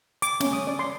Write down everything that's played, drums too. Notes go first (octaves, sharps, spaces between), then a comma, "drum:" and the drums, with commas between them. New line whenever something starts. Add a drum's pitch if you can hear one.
D6, drum: hi-hat
C#4, drum: snare
D#6
D5
C6